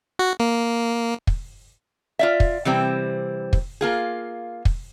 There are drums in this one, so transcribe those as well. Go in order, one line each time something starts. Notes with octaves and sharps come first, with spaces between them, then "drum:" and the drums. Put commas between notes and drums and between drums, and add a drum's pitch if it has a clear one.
F#4
A#3
drum: kick
F4 D5 E5
drum: kick
C3 E3 G3 C4
drum: kick
A#3 F4 G#4
drum: kick